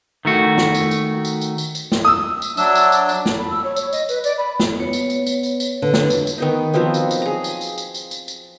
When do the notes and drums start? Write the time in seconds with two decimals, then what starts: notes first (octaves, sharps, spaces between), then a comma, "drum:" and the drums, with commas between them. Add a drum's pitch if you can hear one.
0.25 D#3 A3 F#4
0.58 drum: snare
0.74 drum: tambourine
0.91 drum: tambourine
1.25 drum: tambourine
1.41 drum: tambourine
1.58 drum: tambourine
1.75 drum: tambourine
1.92 drum: snare
2.05 D#6 E6
2.42 drum: tambourine
2.57 F#3 D4 E5, drum: tambourine
2.75 drum: tambourine
2.92 drum: tambourine
3.09 drum: tambourine
3.26 drum: snare
3.38 B5
3.50 E6
3.64 C#5
3.76 C#5, drum: tambourine
3.93 D#5, drum: tambourine
4.09 B4, drum: tambourine
4.24 D5, drum: tambourine
4.38 B5
4.60 drum: snare
4.80 B3 C#5
4.93 drum: tambourine
5.10 drum: tambourine
5.27 drum: tambourine
5.43 drum: tambourine
5.60 drum: tambourine
5.82 D3 B4
5.94 drum: snare
6.10 drum: tambourine
6.27 drum: tambourine
6.38 D#3 B3 D#4
6.74 F3 F#3 B3 C4
6.94 drum: tambourine
7.11 drum: tambourine
7.22 G#4 A#5
7.44 drum: tambourine
7.61 drum: tambourine
7.78 drum: tambourine
7.94 drum: tambourine
8.11 drum: tambourine
8.28 drum: tambourine